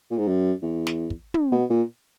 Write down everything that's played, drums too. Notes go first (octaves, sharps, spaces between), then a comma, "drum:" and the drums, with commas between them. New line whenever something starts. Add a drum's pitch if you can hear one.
A#2
G#2
F#2
E2
drum: snare
drum: kick
drum: tom
B2
A#2